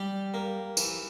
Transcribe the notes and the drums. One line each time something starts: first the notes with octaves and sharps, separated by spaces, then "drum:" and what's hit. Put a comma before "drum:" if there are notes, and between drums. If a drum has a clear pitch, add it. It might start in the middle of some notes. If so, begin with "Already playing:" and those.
Already playing: G3 G4
A#3
E3, drum: tambourine